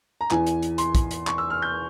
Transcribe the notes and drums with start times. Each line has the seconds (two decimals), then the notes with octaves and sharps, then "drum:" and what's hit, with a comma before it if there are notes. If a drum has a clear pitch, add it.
0.21 A#5
0.31 E2 E3 G#5, drum: clap
0.47 drum: hi-hat
0.63 drum: hi-hat
0.78 C6, drum: hi-hat
0.95 drum: kick, hi-hat
1.11 drum: hi-hat
1.27 C#6, drum: clap
1.38 E6
1.50 F6
1.62 G6